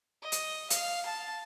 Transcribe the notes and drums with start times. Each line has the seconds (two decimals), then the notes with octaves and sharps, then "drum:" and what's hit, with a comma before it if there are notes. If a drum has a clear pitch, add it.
0.22 D#5
0.32 drum: hi-hat
0.70 F5, drum: hi-hat
1.06 A5